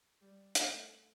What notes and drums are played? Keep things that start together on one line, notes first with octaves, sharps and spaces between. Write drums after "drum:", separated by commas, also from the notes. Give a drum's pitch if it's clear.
G3
A3, drum: hi-hat